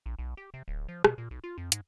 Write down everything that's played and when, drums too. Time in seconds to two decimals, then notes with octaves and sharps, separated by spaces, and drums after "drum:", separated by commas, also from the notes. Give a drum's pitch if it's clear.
0.06 A#1
0.19 B1
0.37 G4
0.54 C3
0.68 D1
0.88 F3
1.04 B2, drum: rim click
1.18 A#2
1.31 B1
1.44 F4
1.58 F2
1.72 G#2, drum: hi-hat